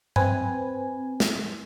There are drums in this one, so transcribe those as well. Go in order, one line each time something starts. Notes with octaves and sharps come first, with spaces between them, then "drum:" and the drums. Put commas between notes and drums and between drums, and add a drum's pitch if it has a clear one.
C4 B4 G#5, drum: tom G2
drum: snare